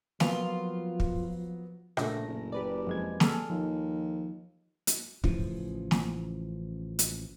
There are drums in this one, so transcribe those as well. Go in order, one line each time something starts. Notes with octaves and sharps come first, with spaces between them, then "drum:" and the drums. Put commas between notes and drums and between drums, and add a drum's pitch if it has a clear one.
F3 F#3 A#3 B3 F4, drum: snare
drum: kick
A#1 A#2 C#3 A3 A#6, drum: rim click
F#1
G4 B4 D5
F2 G#3 G#6
G#4 A4 F6, drum: snare
D#2 F3
drum: hi-hat
A1 C#3 E3 F3, drum: kick
drum: snare
drum: hi-hat